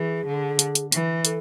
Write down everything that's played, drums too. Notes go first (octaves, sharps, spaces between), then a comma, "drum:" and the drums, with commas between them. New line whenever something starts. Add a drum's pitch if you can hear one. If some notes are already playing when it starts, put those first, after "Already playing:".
Already playing: E3 G#4
D3
drum: hi-hat
drum: hi-hat
E3, drum: hi-hat
A4, drum: hi-hat